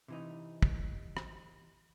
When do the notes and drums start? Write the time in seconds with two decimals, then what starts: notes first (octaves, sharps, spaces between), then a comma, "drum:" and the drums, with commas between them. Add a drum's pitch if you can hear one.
0.08 C3 E3 D#4
0.62 drum: kick
1.17 drum: rim click